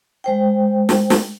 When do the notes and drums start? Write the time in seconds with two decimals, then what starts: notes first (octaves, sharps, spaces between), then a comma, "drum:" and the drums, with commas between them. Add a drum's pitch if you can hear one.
0.24 G#3 C5 G5
0.89 drum: snare
1.10 drum: snare